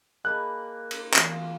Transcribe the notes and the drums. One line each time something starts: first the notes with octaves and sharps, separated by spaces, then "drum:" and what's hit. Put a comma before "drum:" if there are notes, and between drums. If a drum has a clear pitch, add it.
A#3 G#4 D#5 G#5 A5 B5 D6 F#6
drum: cymbal
E3 A3 B3 F4 F#4 G#4, drum: clap